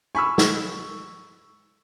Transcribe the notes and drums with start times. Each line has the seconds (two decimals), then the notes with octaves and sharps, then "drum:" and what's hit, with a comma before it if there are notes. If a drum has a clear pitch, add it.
0.15 G#5 B5 C#6 E6 F6
0.38 drum: snare